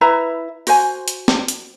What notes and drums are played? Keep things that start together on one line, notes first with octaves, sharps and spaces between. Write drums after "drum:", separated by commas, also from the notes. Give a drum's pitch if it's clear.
E4 B4 E5 A#5
F#4 C5 G#5, drum: open hi-hat
drum: hi-hat
drum: snare
drum: hi-hat